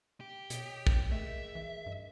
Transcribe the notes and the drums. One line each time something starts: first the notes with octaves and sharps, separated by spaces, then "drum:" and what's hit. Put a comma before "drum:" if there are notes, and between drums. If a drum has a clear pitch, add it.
G4
B2 C#5 D#5 D#6, drum: hi-hat
drum: kick
A3 G#4 A#4 D#5 E5
E3
G2 D#5